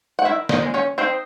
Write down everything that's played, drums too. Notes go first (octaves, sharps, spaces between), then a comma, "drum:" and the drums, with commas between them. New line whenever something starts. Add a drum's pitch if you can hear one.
F#5
D#3 E4 E5
D#4 D#5, drum: snare
G#3
C#4 C#5
C4 D#4 C5